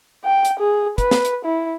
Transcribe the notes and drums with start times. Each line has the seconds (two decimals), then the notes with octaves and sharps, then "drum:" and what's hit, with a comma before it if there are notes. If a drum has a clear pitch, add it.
0.24 G5
0.45 drum: hi-hat
0.59 G#4
0.98 B4, drum: kick, hi-hat
1.11 drum: snare
1.25 drum: hi-hat
1.45 E4